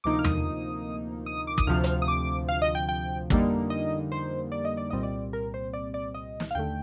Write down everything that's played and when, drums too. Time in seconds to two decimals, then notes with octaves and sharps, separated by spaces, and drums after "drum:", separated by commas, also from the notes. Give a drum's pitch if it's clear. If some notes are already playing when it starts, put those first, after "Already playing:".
0.04 D2 C3 F3 A#3 D#4 D6
0.19 F6
0.24 D#6, drum: tom E2
1.26 D#6
1.47 D6
1.58 D#6, drum: kick
1.67 D2 C3 F3 F6
1.84 drum: hi-hat
2.02 D#6
2.08 D6
2.49 F5
2.62 D#5
2.75 G5
2.89 G5
3.30 F2 D3 G3 A#3 D#4, drum: kick
3.70 D#5
4.12 C5
4.52 D5
4.65 D#5
4.77 D5
4.90 C2 A#2 G3 C4 D#5
5.03 D5
5.33 A#4
5.54 C5
5.73 D5
5.94 D5
6.14 D#5
6.40 drum: snare
6.51 F5
6.55 D#2 D3 A3 G5